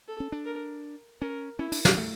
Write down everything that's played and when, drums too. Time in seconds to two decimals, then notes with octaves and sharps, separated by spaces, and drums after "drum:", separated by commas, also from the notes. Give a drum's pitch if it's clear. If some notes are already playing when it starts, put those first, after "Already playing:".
0.08 A4
0.20 C#4
0.32 D4
0.45 A#4
1.21 C#4 A#4
1.59 C#4 E4
1.72 D4, drum: open hi-hat
1.85 C#4, drum: snare
1.98 A3